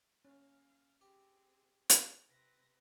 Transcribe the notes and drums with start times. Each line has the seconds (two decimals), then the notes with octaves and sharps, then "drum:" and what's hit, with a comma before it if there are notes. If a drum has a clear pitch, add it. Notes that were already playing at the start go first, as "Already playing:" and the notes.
0.25 A#3 C#4 F5
1.01 C4 G4 G#4
1.90 drum: hi-hat
2.27 C3 C4 B4 A#6